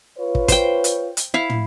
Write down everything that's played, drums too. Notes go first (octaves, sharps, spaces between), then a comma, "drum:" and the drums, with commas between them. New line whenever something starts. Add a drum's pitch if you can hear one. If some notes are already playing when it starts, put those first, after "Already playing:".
F4 B4 C#5
drum: kick
C5 G5, drum: kick, hi-hat
drum: hi-hat
drum: hi-hat
E4 F5
drum: tom